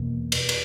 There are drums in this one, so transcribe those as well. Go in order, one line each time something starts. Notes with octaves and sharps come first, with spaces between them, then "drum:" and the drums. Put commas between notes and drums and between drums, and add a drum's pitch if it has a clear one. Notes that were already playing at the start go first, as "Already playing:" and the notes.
Already playing: E2 B2 A#3
drum: cymbal
drum: cymbal